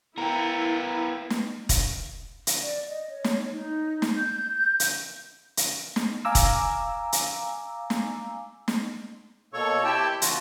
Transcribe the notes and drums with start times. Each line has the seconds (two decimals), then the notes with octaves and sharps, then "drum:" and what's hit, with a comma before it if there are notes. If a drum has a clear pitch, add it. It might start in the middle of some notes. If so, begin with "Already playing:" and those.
0.18 B3 E4 A#4 G5 A#5
1.30 drum: snare
1.69 drum: kick E1, hi-hat
2.47 drum: hi-hat
2.62 D5
2.89 D#5
3.09 C#5
3.24 drum: snare
3.53 D#4
4.02 drum: snare
4.17 G6
4.80 drum: hi-hat
5.57 drum: hi-hat
5.96 drum: snare
6.25 F5 G#5 A#5 D6 E6
6.35 drum: kick E1, hi-hat
7.12 drum: hi-hat
7.90 drum: snare
8.68 drum: snare
9.53 B2 A#3 A4 C#5 C#6
9.84 C4 E4 G4 G5 A5 E6
10.22 F3 F4 F#4, drum: hi-hat